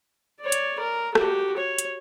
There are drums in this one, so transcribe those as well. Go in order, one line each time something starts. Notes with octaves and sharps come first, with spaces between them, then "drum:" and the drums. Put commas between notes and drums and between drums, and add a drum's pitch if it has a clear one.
C#5 D5
drum: hi-hat
A#4
F#4 G4, drum: rim click
C#5
drum: hi-hat